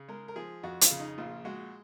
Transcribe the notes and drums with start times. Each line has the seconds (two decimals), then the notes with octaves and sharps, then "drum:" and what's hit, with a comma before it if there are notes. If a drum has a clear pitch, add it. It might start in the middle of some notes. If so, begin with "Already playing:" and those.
Already playing: C#3
0.08 G#3 A#4
0.28 A#4
0.36 F3 G#4
0.63 F2 F#4
0.81 F4, drum: hi-hat
0.90 C#3
1.00 D#4
1.18 A#1 F4
1.45 G#3 F#4